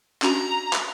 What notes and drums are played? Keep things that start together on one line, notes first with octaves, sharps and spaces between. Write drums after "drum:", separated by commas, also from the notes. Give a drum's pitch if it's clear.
C#4 D4 F#4 A#5, drum: clap
drum: clap